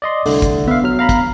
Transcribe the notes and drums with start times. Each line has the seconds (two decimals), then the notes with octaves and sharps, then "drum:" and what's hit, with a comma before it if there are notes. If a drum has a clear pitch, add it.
0.02 D5 D#5 C6
0.26 C2 D3 A3, drum: open hi-hat
0.42 drum: kick, hi-hat
0.68 B3 E5 F5
0.84 F#3 F6
0.99 F5 A#5 B5
1.09 drum: kick, hi-hat